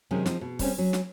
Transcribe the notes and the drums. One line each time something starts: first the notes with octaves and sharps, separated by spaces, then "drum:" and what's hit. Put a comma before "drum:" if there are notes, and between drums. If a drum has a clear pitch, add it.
C3 D#3 F#3 G#3 C#4
F3 C4 D#4, drum: snare
B2
G3 C4 C#4, drum: kick, open hi-hat
F#3 C#4
drum: snare